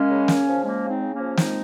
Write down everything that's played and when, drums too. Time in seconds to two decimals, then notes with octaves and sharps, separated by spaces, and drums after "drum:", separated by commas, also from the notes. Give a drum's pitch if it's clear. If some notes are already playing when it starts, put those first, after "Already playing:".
Already playing: G#3 A#3 C#4
0.08 C#3
0.28 C#3, drum: snare
0.46 F3
0.64 G#3 A#3 C#4
0.83 C#3
0.88 C4 D#4
1.01 C#3
1.13 A#3 C#4
1.20 F3
1.37 G#3 C4 D#4, drum: snare